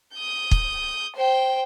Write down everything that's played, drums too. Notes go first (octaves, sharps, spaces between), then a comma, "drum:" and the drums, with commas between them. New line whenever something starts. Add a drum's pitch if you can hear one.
D#6 G6
drum: kick
C5 G5